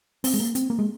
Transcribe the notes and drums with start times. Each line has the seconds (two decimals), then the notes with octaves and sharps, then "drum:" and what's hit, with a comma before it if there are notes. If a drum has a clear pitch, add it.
0.24 C4, drum: open hi-hat
0.34 G#3
0.40 A#3
0.55 C4, drum: hi-hat
0.70 A#3
0.79 G#3